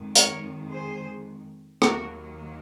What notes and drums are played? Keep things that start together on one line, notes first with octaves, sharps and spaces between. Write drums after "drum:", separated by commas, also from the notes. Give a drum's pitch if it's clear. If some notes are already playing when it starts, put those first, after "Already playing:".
Already playing: F2 D#3 G#3
A#4 C#5, drum: hi-hat
G#4 C5
D#2 D#3 F#3 A#3 F#4 A#4, drum: rim click